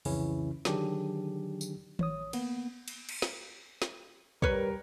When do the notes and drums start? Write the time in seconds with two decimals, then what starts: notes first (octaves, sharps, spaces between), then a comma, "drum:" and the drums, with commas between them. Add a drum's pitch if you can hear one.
0.05 C2 F2 C#3 E3 C#4 E4, drum: open hi-hat
0.65 D3 D#3 F#3 D4 G4 G#4, drum: snare
1.61 drum: tambourine
1.99 A1 C#5 D#6, drum: tom D#3
2.33 A#3 B3, drum: cymbal
2.88 drum: cymbal
3.09 drum: cymbal
3.22 drum: snare
3.82 drum: snare
4.42 G3 A#4 B4 C#5, drum: kick